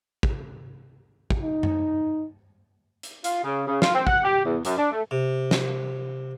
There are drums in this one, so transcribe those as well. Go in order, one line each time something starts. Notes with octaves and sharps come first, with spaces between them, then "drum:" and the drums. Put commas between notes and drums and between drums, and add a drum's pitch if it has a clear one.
drum: kick
drum: kick
D#4
drum: tom F#2
drum: hi-hat
F4, drum: hi-hat
C#3
C#3
F4, drum: snare
C4
F#5, drum: kick
G4
E2
F#2, drum: hi-hat
D4
A3
C3
drum: snare